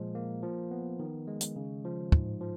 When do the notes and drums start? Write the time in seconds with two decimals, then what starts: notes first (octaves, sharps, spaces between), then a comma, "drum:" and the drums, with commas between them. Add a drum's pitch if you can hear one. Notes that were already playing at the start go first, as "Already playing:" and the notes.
Already playing: A#2 F3 G#3
0.15 A#3
0.43 F3
0.71 B3
0.99 D#3
1.28 G#3
1.41 drum: hi-hat
1.56 C#3
1.85 F3
2.12 G#2, drum: kick
2.41 F3